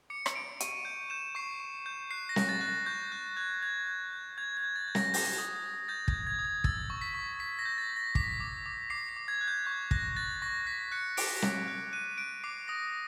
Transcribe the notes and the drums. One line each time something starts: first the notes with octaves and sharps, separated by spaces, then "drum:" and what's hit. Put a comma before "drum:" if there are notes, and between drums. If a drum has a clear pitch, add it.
D6 C#7
drum: rim click
D6 D7
C#6 D#7, drum: hi-hat
G6 D#7
G6 E7
C#6 C7
C#6
G6
F#6 C7
A#6
F#6, drum: snare
A6
F#6
A#6
C#6 G6
F#6
F#6 G#6
G6 G#6
G6
G6
G6 G#6
G#6
G6
A6
G6
A#6, drum: snare
G6, drum: open hi-hat
D#6
G6
G6 A6
G#6, drum: kick
G6
G#6
D#6
G#6
E6 A6, drum: kick
C#6
B6
C#6
C#6 B6
A#6
G6
A6
G6
A#6
D6 B6, drum: kick
D6
D6
D6 C7
C7
D6
G#6
F#6
G6
C#6 G#6
F#6 A#6, drum: kick
F#6 A6
C#6 A#6
F#6 B6
F#6 C#7
D6 D7, drum: open hi-hat
D6, drum: snare
F#6
F#6 D#7
F#6 D7
D6 C7
D#6 A#6